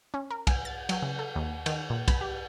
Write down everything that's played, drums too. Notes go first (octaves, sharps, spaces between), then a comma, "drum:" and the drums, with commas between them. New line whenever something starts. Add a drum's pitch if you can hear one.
C#4
A#4
G#5, drum: kick, cymbal
A6
F#3, drum: cymbal
C#3
A4
D#2
D#3, drum: cymbal
A#2
B5, drum: kick, cymbal
G4